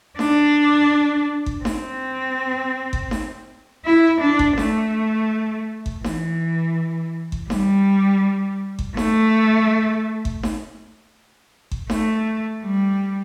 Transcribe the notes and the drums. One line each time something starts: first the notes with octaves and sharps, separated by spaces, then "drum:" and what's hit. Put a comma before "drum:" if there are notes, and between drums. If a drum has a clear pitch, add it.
D4, drum: snare D#4
drum: kick G1
C4, drum: snare D#4
drum: kick G1
drum: snare D#4
E4
D4
drum: kick G1
A3, drum: snare D#4
drum: kick G1
E3, drum: snare D#4
drum: kick G1
G3, drum: snare D#4
drum: kick G1
A3, drum: snare D#4
drum: kick G1
drum: snare D#4
drum: kick G1
A3, drum: snare D#4
G3